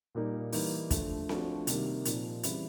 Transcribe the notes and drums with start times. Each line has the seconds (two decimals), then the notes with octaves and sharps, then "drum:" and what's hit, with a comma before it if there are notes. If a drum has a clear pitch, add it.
0.15 A#2 G3 A#3 D#4
0.52 E3 G3 A#3 D#4, drum: open hi-hat
0.91 D3 F3 A3, drum: kick, hi-hat
1.29 F3 A3 D4 F#4, drum: snare C4
1.67 C3 D#3 G3 A#3, drum: hi-hat
2.05 A#2 F3 A#3 D#4, drum: hi-hat
2.43 C#3 E3 G3 C4 E4, drum: hi-hat